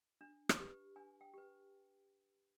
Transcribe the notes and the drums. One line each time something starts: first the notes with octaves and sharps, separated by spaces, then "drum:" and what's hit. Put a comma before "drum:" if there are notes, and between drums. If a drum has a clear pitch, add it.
D4
drum: rim click
G4 B4
D4 G#5
G5
G4 B4